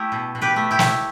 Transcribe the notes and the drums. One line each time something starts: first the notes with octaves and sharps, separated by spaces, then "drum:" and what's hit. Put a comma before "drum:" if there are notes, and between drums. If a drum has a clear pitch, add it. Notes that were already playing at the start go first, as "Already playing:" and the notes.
Already playing: A3 E4 G4
B2
B2
G4 B4
A3
E4 G4
A3, drum: snare